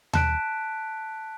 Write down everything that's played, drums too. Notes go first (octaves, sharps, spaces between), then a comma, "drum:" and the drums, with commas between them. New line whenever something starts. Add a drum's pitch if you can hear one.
A5 F#6 B6 D7, drum: tom D#2